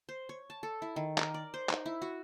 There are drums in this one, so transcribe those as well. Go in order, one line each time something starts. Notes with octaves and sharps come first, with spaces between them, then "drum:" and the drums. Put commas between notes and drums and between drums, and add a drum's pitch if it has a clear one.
C5
C#5
A5
A4
E4
D#3
A#4, drum: clap
D5
C5
D#4, drum: clap
E4
F#4